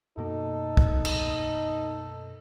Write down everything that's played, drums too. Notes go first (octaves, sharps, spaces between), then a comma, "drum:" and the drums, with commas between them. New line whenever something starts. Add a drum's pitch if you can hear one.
F#2 B2 A#3 D#4 A4
drum: kick
drum: cymbal